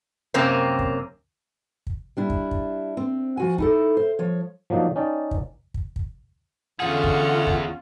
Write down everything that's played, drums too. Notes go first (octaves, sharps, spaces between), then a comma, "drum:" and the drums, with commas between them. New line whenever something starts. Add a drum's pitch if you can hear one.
F#2 C3 A#3 C4 C#4
drum: kick
drum: kick
G3 D4 E4
drum: kick
drum: kick
C4
F3 F#4 G#5
D#4 E4 A4, drum: kick
C5
F3 C#5
F3 F#3 A#3 D4 D#4
C#4 D#4 D5 G5 A5
drum: kick
drum: kick
drum: kick
E2 G#2 D3 C#4 F4 G#4 F#5
drum: kick
drum: kick